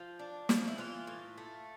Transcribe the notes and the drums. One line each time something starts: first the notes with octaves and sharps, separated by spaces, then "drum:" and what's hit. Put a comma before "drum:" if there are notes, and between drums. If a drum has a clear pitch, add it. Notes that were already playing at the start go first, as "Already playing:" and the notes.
Already playing: F3 F4
D4
F3, drum: snare
E4
E3 F4
A2
A3